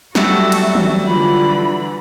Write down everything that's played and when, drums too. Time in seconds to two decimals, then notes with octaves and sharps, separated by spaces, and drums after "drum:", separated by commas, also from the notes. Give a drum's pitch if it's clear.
0.15 F#3 G3 A3 F#4 A4 E5, drum: snare
0.52 drum: cymbal
0.75 drum: tom
1.07 D3 E3 F4 B5